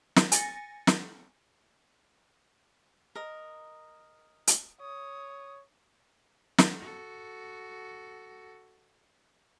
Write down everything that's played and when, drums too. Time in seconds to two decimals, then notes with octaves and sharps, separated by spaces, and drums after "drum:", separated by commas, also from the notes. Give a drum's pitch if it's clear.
0.17 drum: snare
0.32 G#5 A6 A#6 C#7, drum: hi-hat
0.87 drum: snare
3.15 A#4 D#5
4.47 drum: hi-hat
4.81 C#5 D#6
6.59 drum: snare
6.80 F#4 A4